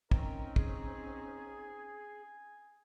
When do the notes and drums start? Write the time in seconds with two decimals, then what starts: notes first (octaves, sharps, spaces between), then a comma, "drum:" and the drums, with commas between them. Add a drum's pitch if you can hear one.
0.11 C4 C#4 D#4 A#4 G5, drum: kick
0.56 G#4 G#5, drum: kick